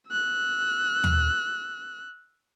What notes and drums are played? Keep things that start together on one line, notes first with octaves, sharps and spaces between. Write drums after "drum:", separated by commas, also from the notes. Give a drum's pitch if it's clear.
E6 F#6
drum: tom